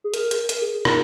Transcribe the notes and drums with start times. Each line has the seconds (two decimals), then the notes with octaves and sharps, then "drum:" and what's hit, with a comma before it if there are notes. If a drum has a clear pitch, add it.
0.04 G#4
0.14 A#4, drum: hi-hat
0.31 drum: hi-hat
0.49 A#4, drum: hi-hat
0.61 G#4
0.73 G#4
0.85 A#4, drum: rim click